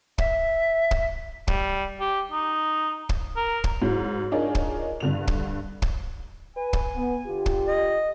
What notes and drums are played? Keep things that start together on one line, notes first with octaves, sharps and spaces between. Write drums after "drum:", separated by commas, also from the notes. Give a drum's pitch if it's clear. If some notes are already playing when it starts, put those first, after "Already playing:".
E5, drum: kick
drum: kick
G3, drum: kick
G4
D#4
drum: kick
A#4
drum: kick
G#2 F#3 E4
D4 D#4 F4 G#4 A#4 C#5
drum: kick
G2 D3 F7
drum: kick
drum: kick
B4 G#5
drum: kick
B3
D3 F4 G4
drum: kick
D#5